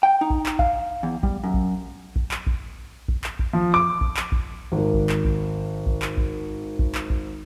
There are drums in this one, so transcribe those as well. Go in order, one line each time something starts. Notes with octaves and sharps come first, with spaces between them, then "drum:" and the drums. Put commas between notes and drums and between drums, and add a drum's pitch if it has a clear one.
G5
D#4
drum: kick
drum: clap
F5, drum: kick
E2
G3, drum: kick
F#2
drum: kick
drum: kick
drum: clap
drum: kick
drum: kick
drum: clap
drum: kick
F3
D6
drum: kick
drum: clap
drum: kick
G#1 A#4
drum: kick
drum: clap
drum: kick
drum: kick
drum: clap
drum: kick
drum: kick
drum: clap
drum: kick